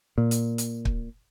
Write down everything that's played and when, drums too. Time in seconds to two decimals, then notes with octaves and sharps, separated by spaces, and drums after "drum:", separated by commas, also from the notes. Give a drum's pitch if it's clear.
0.18 A#2
0.31 drum: hi-hat
0.58 drum: hi-hat
0.85 drum: kick